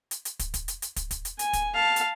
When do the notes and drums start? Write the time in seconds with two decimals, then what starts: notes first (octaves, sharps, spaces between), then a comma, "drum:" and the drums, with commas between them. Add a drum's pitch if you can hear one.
0.11 drum: hi-hat
0.25 drum: hi-hat
0.39 drum: kick, hi-hat
0.54 drum: kick, hi-hat
0.68 drum: hi-hat
0.82 drum: hi-hat
0.96 drum: kick, hi-hat
1.11 drum: kick, hi-hat
1.25 drum: hi-hat
1.39 G#5, drum: hi-hat
1.53 drum: kick, hi-hat
1.75 F5 A5
1.96 drum: hi-hat